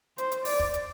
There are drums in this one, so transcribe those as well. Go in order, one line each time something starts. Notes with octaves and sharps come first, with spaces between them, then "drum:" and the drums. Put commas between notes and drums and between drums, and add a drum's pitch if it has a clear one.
C5, drum: hi-hat
drum: hi-hat
D5, drum: open hi-hat
drum: kick
drum: hi-hat